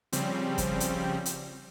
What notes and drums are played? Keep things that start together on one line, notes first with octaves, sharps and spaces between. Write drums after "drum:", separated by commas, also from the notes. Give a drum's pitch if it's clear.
C#3 F3 G3 C4, drum: hi-hat
drum: kick, hi-hat
drum: hi-hat
drum: hi-hat